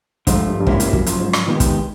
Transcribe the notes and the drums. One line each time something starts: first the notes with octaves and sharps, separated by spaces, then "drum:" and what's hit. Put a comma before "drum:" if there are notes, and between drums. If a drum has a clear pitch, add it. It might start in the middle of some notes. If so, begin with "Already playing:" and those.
G#2 D3 F3 A3, drum: kick, hi-hat
G2
G2
G#2 C3 F3 A#3 C#4 E4, drum: kick
G2, drum: hi-hat
F#2, drum: kick
F#2 C#3 F3, drum: hi-hat
G#2
drum: rim click
A#2 D#3 G#3 B3 D#4 G4
drum: kick, hi-hat